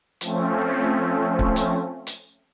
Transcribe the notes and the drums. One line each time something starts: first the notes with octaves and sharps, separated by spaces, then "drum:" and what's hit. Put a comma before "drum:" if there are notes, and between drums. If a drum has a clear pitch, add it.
F3 A3 C4 C#4, drum: hi-hat
drum: kick
drum: hi-hat
drum: hi-hat